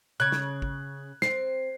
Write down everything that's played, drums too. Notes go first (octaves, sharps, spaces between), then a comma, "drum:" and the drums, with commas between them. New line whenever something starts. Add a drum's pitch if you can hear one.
C#3 F#6 G#6
drum: snare
drum: kick
C4 C7, drum: snare